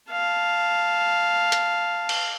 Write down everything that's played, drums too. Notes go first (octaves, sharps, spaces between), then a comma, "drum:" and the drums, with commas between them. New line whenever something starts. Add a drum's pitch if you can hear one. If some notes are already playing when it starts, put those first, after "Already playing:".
F5 A5
drum: hi-hat
drum: cymbal